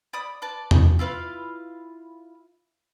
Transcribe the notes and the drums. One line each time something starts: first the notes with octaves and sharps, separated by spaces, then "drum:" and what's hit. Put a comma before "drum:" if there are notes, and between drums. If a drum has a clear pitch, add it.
D5 B5 D#6
B4 D5 A5
drum: tom E2
E4 F4 B4 F5